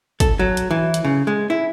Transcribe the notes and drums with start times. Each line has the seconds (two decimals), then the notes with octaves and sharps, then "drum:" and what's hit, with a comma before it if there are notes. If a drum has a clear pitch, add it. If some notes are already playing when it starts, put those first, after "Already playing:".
0.20 A4, drum: kick, hi-hat
0.39 F#3
0.57 drum: hi-hat
0.71 E3
0.94 drum: hi-hat
1.05 C#3
1.27 G#3
1.50 E4